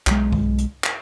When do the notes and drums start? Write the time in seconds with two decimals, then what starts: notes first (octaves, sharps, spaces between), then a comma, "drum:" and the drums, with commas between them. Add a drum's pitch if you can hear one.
0.07 B1 G#3, drum: clap
0.32 drum: kick C2
0.58 drum: hi-hat
0.84 drum: clap